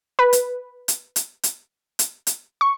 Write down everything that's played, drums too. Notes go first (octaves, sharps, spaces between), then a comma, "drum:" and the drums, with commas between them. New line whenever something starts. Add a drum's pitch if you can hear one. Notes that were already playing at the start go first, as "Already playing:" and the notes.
B4
drum: hi-hat
drum: hi-hat
drum: hi-hat
drum: hi-hat
drum: hi-hat
drum: hi-hat
C#6